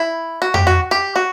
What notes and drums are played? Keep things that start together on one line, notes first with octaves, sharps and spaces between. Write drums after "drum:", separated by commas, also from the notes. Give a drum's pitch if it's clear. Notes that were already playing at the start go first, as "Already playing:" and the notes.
Already playing: E4
F#4
G4, drum: tom F2
F#4
G4
F#4